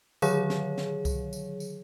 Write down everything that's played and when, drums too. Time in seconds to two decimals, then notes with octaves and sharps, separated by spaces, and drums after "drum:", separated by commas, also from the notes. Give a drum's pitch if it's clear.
0.22 D3 D#3 F#3 G#4 C#5, drum: tambourine
0.50 drum: snare
0.77 drum: snare
1.05 drum: kick C2, tambourine
1.33 drum: tambourine
1.60 drum: tambourine